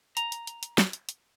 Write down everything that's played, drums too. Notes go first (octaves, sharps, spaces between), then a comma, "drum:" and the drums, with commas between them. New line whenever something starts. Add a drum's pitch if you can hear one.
A#5, drum: hi-hat
drum: hi-hat
drum: hi-hat
drum: hi-hat
drum: snare
drum: hi-hat
drum: hi-hat